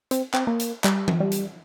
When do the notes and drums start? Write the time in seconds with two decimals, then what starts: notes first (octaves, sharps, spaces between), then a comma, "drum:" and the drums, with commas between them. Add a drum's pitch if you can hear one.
0.11 C4, drum: hi-hat
0.34 C4, drum: clap
0.47 A#3
0.60 drum: hi-hat
0.84 G3, drum: clap
1.08 drum: tom E3
1.20 G3
1.32 drum: hi-hat